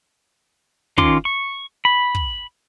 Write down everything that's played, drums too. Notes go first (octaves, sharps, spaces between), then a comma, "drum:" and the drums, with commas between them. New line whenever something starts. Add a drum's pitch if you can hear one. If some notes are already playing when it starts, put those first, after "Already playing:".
D#3 C#4 F4 C6 D6, drum: kick
C#6
B5
drum: kick